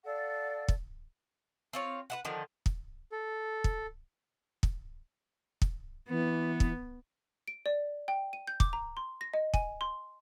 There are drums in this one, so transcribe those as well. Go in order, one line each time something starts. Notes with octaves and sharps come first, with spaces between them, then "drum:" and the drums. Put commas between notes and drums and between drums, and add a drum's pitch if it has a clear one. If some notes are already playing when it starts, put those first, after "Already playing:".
A4 D5 F5 F#5
drum: kick
C4 F4 C#5
B4 E5 F#5
D3 D#3 F3
drum: kick
A4
drum: kick
drum: kick
drum: kick
E3 B3
drum: kick
D7
D5
G5
D#7
G6
D6, drum: kick
A#5
C6
A#6
D#5
G#5, drum: kick
C6